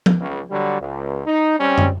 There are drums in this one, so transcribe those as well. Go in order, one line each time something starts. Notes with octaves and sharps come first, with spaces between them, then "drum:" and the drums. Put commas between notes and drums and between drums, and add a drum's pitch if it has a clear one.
drum: tom F3
C#2 C#3
D3 F#3 G3
C#2
D#4
G3 C4 C#4
drum: tom